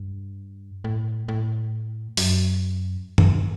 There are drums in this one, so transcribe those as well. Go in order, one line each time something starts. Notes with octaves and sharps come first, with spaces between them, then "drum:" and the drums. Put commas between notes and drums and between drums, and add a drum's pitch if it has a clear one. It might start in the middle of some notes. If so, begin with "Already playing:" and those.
Already playing: G2
A2
A2
F#2, drum: open hi-hat
drum: tom G2